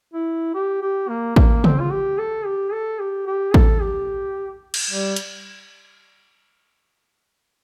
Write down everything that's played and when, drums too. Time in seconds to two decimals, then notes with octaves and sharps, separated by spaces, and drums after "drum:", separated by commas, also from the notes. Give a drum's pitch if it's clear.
0.14 E4
0.54 G4
0.82 G4
1.09 A#3
1.36 A#3, drum: kick A1
1.64 C4, drum: tom C#3
1.80 F4
1.91 G4
2.19 A4
2.45 G4
2.73 A4
3.00 G4
3.27 G4
3.54 A4, drum: kick A1
3.81 G4
4.74 drum: cymbal
4.91 G3
5.16 drum: hi-hat